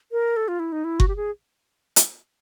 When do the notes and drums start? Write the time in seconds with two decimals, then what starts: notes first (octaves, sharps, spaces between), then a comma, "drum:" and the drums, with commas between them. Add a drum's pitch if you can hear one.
0.12 A#4
0.37 A4
0.48 F4
0.59 E4
0.72 D#4
0.84 E4
1.00 F#4, drum: kick F#1
1.08 G4
1.16 G#4
1.96 drum: hi-hat